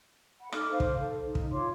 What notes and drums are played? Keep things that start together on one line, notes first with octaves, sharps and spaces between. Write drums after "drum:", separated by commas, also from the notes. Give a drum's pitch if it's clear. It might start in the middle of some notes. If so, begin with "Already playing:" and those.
F#5 B5
D#4 A4 D6 F6, drum: rim click
C5 F5
drum: kick
A4
D#4
drum: kick
F4 C#5 C6 D6